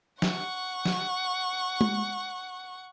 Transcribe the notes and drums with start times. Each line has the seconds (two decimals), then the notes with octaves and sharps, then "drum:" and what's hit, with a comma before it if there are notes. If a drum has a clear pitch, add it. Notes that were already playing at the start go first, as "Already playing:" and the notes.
0.22 F#5 C#6, drum: snare
0.85 drum: snare
1.81 drum: tom G#3